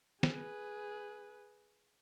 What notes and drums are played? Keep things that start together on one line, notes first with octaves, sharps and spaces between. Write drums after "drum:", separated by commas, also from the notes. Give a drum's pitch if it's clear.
G#4 B4, drum: snare